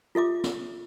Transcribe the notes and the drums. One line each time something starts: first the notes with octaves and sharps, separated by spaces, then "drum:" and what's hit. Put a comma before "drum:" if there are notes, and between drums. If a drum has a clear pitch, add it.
F4 A4 E5 D6
drum: snare